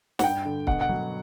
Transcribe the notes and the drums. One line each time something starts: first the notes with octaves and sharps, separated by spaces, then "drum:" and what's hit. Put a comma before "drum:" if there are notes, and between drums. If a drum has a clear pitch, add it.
F#5, drum: snare
G2 G5
D3
B2 F#5, drum: kick C#1
F#5
F#3